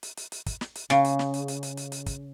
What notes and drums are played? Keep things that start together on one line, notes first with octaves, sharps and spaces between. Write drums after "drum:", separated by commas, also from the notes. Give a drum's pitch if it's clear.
drum: hi-hat
drum: hi-hat
drum: hi-hat
drum: kick, hi-hat
drum: snare
drum: hi-hat
C#3, drum: snare
drum: hi-hat
drum: snare
drum: hi-hat
drum: hi-hat
drum: hi-hat
drum: hi-hat
drum: hi-hat
drum: kick, hi-hat